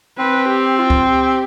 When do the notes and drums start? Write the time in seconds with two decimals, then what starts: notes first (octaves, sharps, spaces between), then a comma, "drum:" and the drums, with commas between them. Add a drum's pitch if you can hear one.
0.18 C4 B4
0.49 G4
0.79 F4
0.90 drum: kick C#2
1.10 G4